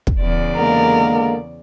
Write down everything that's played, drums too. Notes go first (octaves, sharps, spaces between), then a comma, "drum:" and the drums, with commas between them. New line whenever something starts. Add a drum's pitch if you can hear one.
drum: kick
E2 C#3 D5
D3 G#3 A#3 A#4